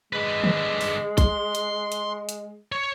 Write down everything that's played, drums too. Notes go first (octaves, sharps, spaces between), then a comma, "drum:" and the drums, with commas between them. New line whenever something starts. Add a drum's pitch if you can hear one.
D3 G#3 B4
drum: tom D3
drum: open hi-hat
C6, drum: kick, hi-hat
drum: hi-hat
drum: hi-hat
drum: hi-hat
C#5